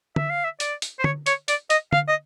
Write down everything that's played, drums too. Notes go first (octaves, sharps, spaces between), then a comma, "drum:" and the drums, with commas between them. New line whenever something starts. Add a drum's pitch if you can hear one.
E5, drum: tom D3
F5
E5
D5, drum: hi-hat
drum: hi-hat
C5
C#5, drum: tom D3
C#5, drum: hi-hat
D5, drum: hi-hat
D#5, drum: hi-hat
F5, drum: tom D3
D#5